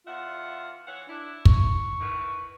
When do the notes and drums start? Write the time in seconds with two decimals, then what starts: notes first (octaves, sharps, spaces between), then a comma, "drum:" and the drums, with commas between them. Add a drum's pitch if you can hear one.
0.07 E2 F4 E5 F#5
0.87 E3 C#5 F#5
1.09 D4 E4
1.45 C#6, drum: kick
2.00 D#3 E3 B4